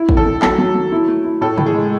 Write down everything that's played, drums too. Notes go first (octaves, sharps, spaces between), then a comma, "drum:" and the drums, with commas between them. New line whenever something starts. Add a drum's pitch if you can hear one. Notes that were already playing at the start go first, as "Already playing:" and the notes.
Already playing: E4
D#3, drum: kick
A4
D#3
F#3 A4, drum: clap
F#3
F#3
E4
A3
E4
A2 A4
A2, drum: tom
G#4
G#3